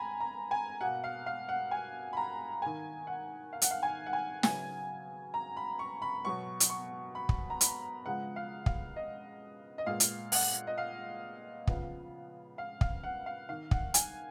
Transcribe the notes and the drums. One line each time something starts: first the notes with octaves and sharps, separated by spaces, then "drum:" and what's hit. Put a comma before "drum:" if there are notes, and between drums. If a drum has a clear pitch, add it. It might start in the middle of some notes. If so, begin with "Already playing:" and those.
Already playing: B3 G#5 A#5 B5
A#5
G#5
B2 A#3 F#5
F5
F5
F#5
G#5
B5
A#5
D#3 A#3 G#5
F#5
F5
F#5, drum: hi-hat
F5
G#5
F#5
G#5
C#3 F#3 B3 G#5, drum: snare
A#5
B5
C#6
B5
B2 F#3 B3 C#6
drum: hi-hat
C#6
B5
drum: kick
A#5
B5, drum: hi-hat
C#3 F3 G#3 B3 F#5
F5
F5, drum: kick
D#5
D#5
A#2 G#3 B3 F5
drum: hi-hat
F#5, drum: open hi-hat
D#5
F5
C#3 F3 B3, drum: kick
F5
F5, drum: kick
F#5
F5
D#3 A#3 F5
F#5, drum: kick
G#5, drum: hi-hat